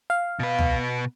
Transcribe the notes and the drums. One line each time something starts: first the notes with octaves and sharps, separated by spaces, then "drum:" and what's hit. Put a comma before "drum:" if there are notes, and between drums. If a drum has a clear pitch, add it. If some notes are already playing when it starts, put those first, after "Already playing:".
F5
B2 B4
drum: tom